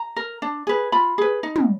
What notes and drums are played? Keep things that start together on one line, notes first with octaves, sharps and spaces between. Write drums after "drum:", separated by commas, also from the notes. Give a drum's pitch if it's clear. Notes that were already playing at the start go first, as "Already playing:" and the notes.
Already playing: A#5
A#4
D4
G#4 B4
F4 B5
G#4 B4
D#4
drum: tom